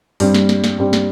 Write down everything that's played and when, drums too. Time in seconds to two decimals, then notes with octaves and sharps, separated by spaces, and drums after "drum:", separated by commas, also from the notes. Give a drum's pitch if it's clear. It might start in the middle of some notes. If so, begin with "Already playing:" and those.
0.20 G2 G3 C4, drum: open hi-hat
0.35 drum: snare
0.49 drum: snare
0.64 drum: snare
0.78 G2 G3 C4
0.93 drum: snare